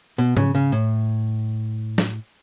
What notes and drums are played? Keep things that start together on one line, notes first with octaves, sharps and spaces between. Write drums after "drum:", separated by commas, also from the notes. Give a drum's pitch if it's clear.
B2
C#3, drum: tom G#2
C#3
A2
drum: snare